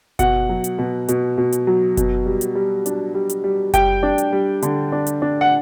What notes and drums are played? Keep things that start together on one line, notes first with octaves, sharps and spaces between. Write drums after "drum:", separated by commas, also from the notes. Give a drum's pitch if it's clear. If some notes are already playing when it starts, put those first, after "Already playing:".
B2 F#5, drum: kick F#1, hi-hat
F#3
drum: hi-hat
B2
B2, drum: hi-hat
B2
drum: hi-hat
F#3
B2, drum: kick F#1, hi-hat
G3
drum: hi-hat
G3
D4, drum: hi-hat
G3
drum: hi-hat
G3
G3 G5, drum: kick F#1, hi-hat
D4
drum: hi-hat
G3
D3, drum: hi-hat
D4
drum: hi-hat
D4
F#5